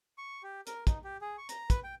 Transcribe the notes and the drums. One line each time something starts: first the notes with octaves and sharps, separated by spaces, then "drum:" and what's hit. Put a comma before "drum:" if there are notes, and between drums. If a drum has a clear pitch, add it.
C#6
G4
A#4, drum: hi-hat
D#4, drum: kick, hi-hat
G4
G#4
C#6
A#5, drum: hi-hat
B4, drum: kick, hi-hat
G5